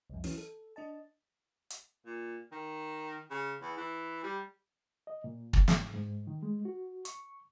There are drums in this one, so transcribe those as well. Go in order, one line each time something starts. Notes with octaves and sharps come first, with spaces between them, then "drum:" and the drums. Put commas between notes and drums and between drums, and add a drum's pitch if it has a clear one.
C2 F2
E3 F#3 C#4, drum: open hi-hat
A4
D4 D#5 A5
drum: hi-hat
A#2
D#3
C#3
E2
E3
G3
D#5
A#2
G#2, drum: kick
drum: snare
G#2
D#3
G#3
F#4
C#6, drum: hi-hat